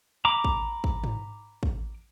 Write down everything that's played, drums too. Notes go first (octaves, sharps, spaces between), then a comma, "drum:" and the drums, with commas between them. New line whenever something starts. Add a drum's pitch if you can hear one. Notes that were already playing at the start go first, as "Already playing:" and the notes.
A#5 B5 D6
drum: kick
drum: kick
drum: tom G#2
drum: kick